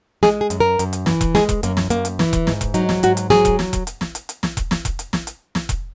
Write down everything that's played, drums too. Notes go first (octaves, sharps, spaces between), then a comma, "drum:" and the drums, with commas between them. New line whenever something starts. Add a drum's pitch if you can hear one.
G#3 G#4, drum: snare
G#4
F#2, drum: hi-hat
A#4
F#2, drum: hi-hat
drum: hi-hat
E3, drum: snare
drum: kick E1, hi-hat
G#3 G#4, drum: snare
drum: kick E1, hi-hat
F#2 A#3, drum: hi-hat
drum: snare
F#2 A#3, drum: hi-hat
drum: hi-hat
E3, drum: snare
drum: kick E1, hi-hat
G#2, drum: snare
drum: kick E1, hi-hat
F#3 D#4, drum: hi-hat
drum: snare
G#2 F#4, drum: hi-hat
drum: hi-hat
F#3 G#4, drum: snare
drum: kick E1, hi-hat
drum: snare
drum: kick E1, hi-hat
drum: hi-hat
drum: snare
drum: hi-hat
drum: hi-hat
drum: snare
drum: kick E1, hi-hat
drum: snare
drum: kick E1, hi-hat
drum: hi-hat
drum: snare
drum: hi-hat
drum: snare
drum: kick E1, hi-hat